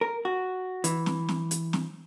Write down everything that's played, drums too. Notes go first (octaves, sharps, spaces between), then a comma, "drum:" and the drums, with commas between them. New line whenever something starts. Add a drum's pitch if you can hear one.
A#4
F#4
E3, drum: hi-hat
drum: snare
drum: snare
drum: hi-hat
drum: snare